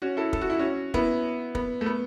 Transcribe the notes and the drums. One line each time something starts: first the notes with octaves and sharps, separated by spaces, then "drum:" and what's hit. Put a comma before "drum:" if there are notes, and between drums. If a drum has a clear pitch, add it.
C#4 F#4
E4 A4
A4, drum: kick
F#4
E4
C#4 F#4
B3 E4, drum: kick
B3, drum: kick
A3
B3